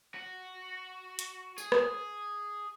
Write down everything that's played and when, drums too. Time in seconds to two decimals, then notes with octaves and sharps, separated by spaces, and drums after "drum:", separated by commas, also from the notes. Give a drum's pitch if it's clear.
0.15 F#4
1.19 drum: hi-hat
1.58 G#4, drum: tambourine
1.72 drum: rim click